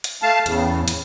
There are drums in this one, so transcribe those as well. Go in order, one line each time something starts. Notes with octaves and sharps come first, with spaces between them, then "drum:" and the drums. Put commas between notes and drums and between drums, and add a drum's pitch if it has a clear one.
drum: hi-hat
A3 F5 A5
E2 A2 C#3, drum: hi-hat
drum: hi-hat